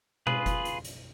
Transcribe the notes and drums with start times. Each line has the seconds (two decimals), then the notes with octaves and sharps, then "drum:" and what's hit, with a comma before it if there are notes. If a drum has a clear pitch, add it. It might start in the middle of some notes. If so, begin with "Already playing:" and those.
0.27 F4 G#4 B4, drum: tom B2
0.46 drum: kick F#1, hi-hat
0.65 drum: hi-hat
0.85 drum: hi-hat